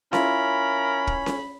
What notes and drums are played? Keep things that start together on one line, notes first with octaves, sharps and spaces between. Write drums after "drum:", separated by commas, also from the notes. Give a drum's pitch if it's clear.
C#4 E4 F4 A#4 B5, drum: snare C#4
drum: kick
drum: snare C#4